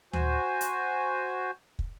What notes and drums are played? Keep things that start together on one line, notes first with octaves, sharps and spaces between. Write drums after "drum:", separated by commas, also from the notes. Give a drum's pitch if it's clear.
F#4 C5 G#5, drum: tom D2
drum: hi-hat
drum: kick